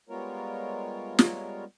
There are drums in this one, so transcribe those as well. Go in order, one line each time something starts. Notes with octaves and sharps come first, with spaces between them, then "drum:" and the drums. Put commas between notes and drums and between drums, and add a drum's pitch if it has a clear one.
G3 G#3 B3 F4 A#4 C#5
drum: snare